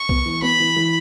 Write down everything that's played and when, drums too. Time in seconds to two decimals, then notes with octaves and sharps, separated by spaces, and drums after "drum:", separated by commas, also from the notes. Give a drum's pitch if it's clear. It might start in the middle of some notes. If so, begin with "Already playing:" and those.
Already playing: C#6
0.09 B3, drum: kick B1
0.26 E3
0.42 B3 B5
0.60 E3
0.76 E3